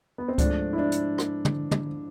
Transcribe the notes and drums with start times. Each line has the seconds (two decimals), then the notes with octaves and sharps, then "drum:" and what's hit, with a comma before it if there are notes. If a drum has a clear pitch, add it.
0.18 B3
0.28 C4
0.38 G#2 F3 A3 D4, drum: kick C#2, hi-hat
0.73 E4
0.78 D4
0.92 drum: hi-hat
1.18 drum: rim click
1.45 drum: tom
1.71 drum: tom